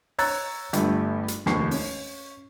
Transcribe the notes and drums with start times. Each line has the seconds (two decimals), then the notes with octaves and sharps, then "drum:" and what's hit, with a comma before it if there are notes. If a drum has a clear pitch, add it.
0.18 C#5 A#5 E6 F#6 G#6 A6, drum: open hi-hat
0.73 G1 G2 A3, drum: hi-hat
1.28 drum: hi-hat
1.46 F1 D#2 G#2 C#6 C7, drum: snare
1.71 C#4, drum: open hi-hat